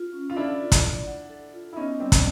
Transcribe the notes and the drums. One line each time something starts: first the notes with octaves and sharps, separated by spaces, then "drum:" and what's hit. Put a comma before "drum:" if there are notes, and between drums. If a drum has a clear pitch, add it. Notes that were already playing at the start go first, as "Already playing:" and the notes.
Already playing: F4
C#4
F4
D4 E4 A4
F4
drum: kick, hi-hat
D5
F#5
A4
F4
E4
B3 C#4 D#4
G3 C4 D4
drum: kick, hi-hat